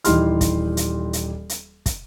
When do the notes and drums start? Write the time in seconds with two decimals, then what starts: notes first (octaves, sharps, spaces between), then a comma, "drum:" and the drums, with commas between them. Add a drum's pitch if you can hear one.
0.04 D#1 E3 D#4 G4 C6 F6, drum: hi-hat
0.41 drum: kick, hi-hat
0.77 drum: hi-hat
1.13 drum: hi-hat
1.49 drum: hi-hat
1.86 drum: kick, hi-hat